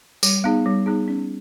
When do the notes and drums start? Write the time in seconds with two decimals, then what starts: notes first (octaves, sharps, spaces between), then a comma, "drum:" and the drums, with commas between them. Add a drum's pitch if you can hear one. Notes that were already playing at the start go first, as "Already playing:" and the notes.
0.23 G3, drum: tambourine
0.44 B3 D#4 G#4
0.66 G3
0.86 B3 D#4 G#4
1.08 C#4